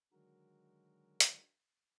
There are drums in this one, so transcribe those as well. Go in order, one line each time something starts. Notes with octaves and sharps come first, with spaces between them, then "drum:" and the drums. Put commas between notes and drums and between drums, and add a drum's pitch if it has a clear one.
D3 D#3 F#3 G#3 F#4 A#4
drum: hi-hat